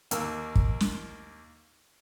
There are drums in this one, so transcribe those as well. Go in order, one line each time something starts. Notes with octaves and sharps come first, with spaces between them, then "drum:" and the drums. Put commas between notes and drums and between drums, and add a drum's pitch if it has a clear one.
D#2 A#3 A#4 E6, drum: hi-hat
drum: kick
drum: snare